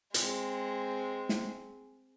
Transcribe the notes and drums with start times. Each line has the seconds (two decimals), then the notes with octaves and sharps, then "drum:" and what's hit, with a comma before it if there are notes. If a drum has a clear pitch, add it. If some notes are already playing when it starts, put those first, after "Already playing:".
0.14 G#3 C4, drum: hi-hat
1.29 drum: snare